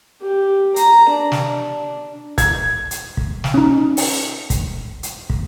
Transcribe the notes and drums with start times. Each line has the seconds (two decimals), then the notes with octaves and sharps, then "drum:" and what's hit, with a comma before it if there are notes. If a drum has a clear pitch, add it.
0.22 G4
0.76 A#5, drum: hi-hat
1.10 D4
1.32 drum: snare
2.38 G#6, drum: kick, hi-hat
2.91 drum: hi-hat
3.17 drum: kick
3.44 drum: snare
3.54 C#4 D#4
3.97 drum: open hi-hat
4.50 drum: kick, hi-hat
5.03 drum: hi-hat
5.30 drum: kick